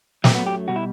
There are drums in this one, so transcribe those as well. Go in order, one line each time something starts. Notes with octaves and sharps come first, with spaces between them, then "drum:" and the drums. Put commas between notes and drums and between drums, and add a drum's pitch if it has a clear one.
F#2 F#3 A3 C4, drum: snare
B3
G4
B2 G3 F#4
E4